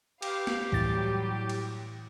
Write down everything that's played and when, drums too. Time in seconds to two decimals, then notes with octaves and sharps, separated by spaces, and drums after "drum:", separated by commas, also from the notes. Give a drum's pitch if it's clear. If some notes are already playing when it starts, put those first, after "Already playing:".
0.22 G4 B4 F5, drum: cymbal
0.47 drum: snare
0.72 A2 E3 F#3 G3 A6, drum: kick C#2
1.50 drum: cymbal